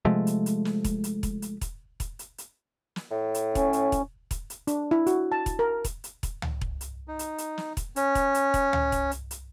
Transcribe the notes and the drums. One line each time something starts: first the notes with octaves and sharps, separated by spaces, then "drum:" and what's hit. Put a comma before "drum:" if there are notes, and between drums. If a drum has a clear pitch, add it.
C3 F3 G#3 A3
drum: hi-hat
drum: hi-hat
drum: snare
drum: kick E1, hi-hat
drum: hi-hat
drum: kick E1, hi-hat
drum: hi-hat
drum: kick E1, hi-hat
drum: kick E1, hi-hat
drum: hi-hat
drum: hi-hat
drum: snare
A2
drum: hi-hat
C#4, drum: kick E1, hi-hat
drum: hi-hat
drum: kick E1, hi-hat
drum: kick E1, hi-hat
drum: hi-hat
D4, drum: hi-hat
E4
F#4, drum: hi-hat
A5
drum: kick E1, hi-hat
A#4
drum: kick E1, hi-hat
drum: hi-hat
drum: kick E1, hi-hat
drum: tom C#2
drum: kick E1
drum: hi-hat
D#4
drum: hi-hat
drum: hi-hat
drum: snare
drum: kick E1, hi-hat
C#4, drum: hi-hat
drum: kick E1, hi-hat
drum: hi-hat
drum: kick E1, hi-hat
drum: tom C#2
drum: kick E1, hi-hat
drum: hi-hat
drum: hi-hat